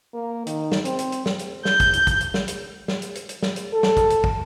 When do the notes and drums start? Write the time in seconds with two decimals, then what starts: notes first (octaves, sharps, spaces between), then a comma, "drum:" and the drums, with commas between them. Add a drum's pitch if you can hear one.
0.14 A#3
0.47 D#3, drum: hi-hat
0.72 drum: snare
0.85 C4, drum: hi-hat
0.99 drum: hi-hat
1.12 drum: hi-hat
1.26 drum: snare
1.39 drum: hi-hat
1.65 G6, drum: snare
1.80 drum: kick, hi-hat
1.93 drum: hi-hat
2.07 drum: kick, hi-hat
2.21 drum: hi-hat
2.34 drum: snare
2.48 drum: hi-hat
2.88 drum: snare
3.02 drum: hi-hat
3.15 drum: hi-hat
3.29 drum: hi-hat
3.43 drum: snare
3.56 drum: hi-hat
3.74 A4
3.83 drum: snare
3.97 drum: kick, hi-hat
4.10 drum: hi-hat
4.24 drum: kick